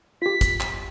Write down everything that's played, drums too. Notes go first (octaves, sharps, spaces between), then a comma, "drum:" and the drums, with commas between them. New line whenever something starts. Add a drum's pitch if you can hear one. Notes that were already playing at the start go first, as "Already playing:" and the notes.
F4 G4 B6
drum: kick, hi-hat
drum: clap